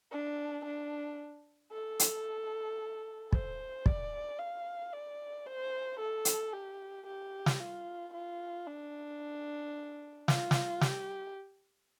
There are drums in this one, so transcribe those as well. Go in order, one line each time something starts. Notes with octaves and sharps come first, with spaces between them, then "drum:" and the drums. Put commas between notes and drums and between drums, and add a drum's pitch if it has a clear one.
D4
D4
A4
drum: hi-hat
C5, drum: kick
D5, drum: kick
F5
D5
C5
A4
drum: hi-hat
G4
G4
drum: snare
F4
F4
D4
F4, drum: snare
drum: snare
G4, drum: snare